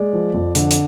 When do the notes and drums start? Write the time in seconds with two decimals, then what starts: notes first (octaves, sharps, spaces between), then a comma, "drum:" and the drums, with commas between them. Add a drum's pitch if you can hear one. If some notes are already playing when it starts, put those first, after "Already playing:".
Already playing: G#3 D5
0.13 F3
0.34 F2
0.55 D3, drum: hi-hat
0.71 drum: hi-hat